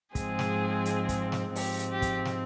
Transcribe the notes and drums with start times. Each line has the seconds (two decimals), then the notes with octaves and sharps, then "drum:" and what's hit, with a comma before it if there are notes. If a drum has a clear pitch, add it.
0.15 G#2 F3 G#3 C4 G#4, drum: kick, hi-hat
0.39 drum: snare
0.85 drum: hi-hat
1.09 drum: kick, hi-hat
1.32 drum: snare
1.55 G#2 F3 C4 G4, drum: open hi-hat
1.79 drum: hi-hat
1.91 G4
2.02 drum: kick, hi-hat
2.25 drum: snare